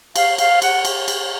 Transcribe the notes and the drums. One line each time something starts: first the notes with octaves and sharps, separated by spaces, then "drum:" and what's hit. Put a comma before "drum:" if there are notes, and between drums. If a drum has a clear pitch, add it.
F5, drum: cymbal
F5, drum: cymbal
F#5, drum: cymbal
drum: cymbal
drum: cymbal